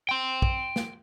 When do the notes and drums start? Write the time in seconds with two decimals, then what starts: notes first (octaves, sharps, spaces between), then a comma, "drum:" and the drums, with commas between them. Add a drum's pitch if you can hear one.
0.09 G5 C6
0.42 drum: kick
0.76 drum: snare